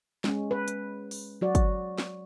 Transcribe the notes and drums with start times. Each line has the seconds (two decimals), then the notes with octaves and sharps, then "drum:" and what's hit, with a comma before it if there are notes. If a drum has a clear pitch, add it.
0.24 G#3 C#4, drum: snare
0.51 B4
0.68 drum: hi-hat
1.11 drum: open hi-hat
1.41 F#3 F#4 D5
1.55 drum: kick, hi-hat
1.98 drum: snare